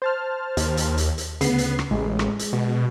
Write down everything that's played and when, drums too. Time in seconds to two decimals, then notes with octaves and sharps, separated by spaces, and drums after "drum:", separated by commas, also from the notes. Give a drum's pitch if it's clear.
0.02 C5 A5 F6
0.57 D#2, drum: hi-hat
0.77 drum: hi-hat
0.98 drum: hi-hat
1.18 drum: hi-hat
1.41 D2 C#3 B3 C7, drum: hi-hat
1.58 drum: hi-hat
1.79 drum: rim click
1.91 A1 G#3
2.19 drum: rim click
2.39 drum: hi-hat
2.53 B2